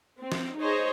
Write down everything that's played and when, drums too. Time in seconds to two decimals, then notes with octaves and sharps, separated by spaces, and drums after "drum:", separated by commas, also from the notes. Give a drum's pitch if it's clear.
0.20 C4
0.32 drum: snare
0.57 D#4 G#4 C5 C#5 D#5